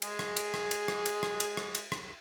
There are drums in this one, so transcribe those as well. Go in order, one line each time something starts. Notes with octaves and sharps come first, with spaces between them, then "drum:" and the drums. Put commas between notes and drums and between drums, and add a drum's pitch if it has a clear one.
G#3 G#4, drum: cymbal
drum: rim click
drum: cymbal
drum: rim click
drum: cymbal
drum: rim click
drum: cymbal
drum: rim click
drum: cymbal
drum: rim click
drum: cymbal
drum: rim click